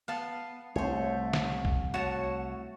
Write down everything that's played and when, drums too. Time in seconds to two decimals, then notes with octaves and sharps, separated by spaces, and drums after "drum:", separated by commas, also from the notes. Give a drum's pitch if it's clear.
0.08 B3 F5 A5
0.76 C2 A3 C5 C#5
1.33 drum: snare
1.65 drum: kick
1.94 A3 F#4 C#5 A5